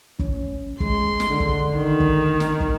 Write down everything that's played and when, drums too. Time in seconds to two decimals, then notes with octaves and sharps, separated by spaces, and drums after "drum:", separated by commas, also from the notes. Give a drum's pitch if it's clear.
0.19 C#4, drum: kick
0.80 G#3 C6, drum: kick
1.20 drum: snare
1.29 D3
1.40 drum: kick
1.77 D#3
2.00 drum: kick
2.40 drum: snare
2.60 drum: kick